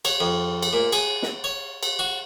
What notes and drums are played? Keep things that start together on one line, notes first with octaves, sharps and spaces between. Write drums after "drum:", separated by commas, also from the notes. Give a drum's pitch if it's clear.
C#5, drum: cymbal
F2
drum: cymbal
A#2
G#4, drum: cymbal
drum: snare
C#5
drum: cymbal
F#4